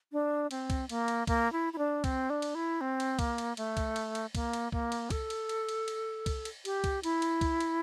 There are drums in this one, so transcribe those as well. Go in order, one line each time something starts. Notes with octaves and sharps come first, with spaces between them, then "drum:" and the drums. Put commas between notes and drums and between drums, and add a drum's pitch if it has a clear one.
D4
C4, drum: cymbal
drum: kick C2, cymbal
A#3, drum: cymbal
drum: cymbal
A#3, drum: kick C2, cymbal
E4
E4
D4
C4, drum: kick C2, cymbal
D4
drum: cymbal
E4
C4
drum: cymbal
A#3, drum: kick C2, cymbal
drum: cymbal
A3, drum: cymbal
drum: kick C2, cymbal
drum: cymbal
drum: cymbal
A#3, drum: kick C2, cymbal
drum: cymbal
A#3, drum: kick C2
drum: cymbal
A4, drum: kick C2, cymbal
drum: cymbal
drum: cymbal
drum: cymbal
drum: cymbal
drum: kick C2, cymbal
drum: cymbal
G4, drum: cymbal
drum: kick C2, cymbal
E4, drum: cymbal
drum: cymbal
drum: kick C2, cymbal
drum: cymbal